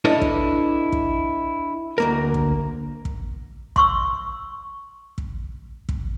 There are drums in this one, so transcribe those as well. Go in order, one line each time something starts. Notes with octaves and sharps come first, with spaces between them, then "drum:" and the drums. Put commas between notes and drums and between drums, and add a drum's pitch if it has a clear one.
D4 E4 A4 B4 C#5 D#5
drum: kick
drum: kick
D2 A#3 A#4
drum: kick
drum: kick
C6 C#6 E6, drum: kick
drum: kick
drum: kick